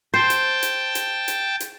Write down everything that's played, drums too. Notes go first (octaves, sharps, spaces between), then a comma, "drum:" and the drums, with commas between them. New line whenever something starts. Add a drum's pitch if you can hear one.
C5 G5 A5
drum: hi-hat
drum: hi-hat
drum: hi-hat
drum: hi-hat
drum: hi-hat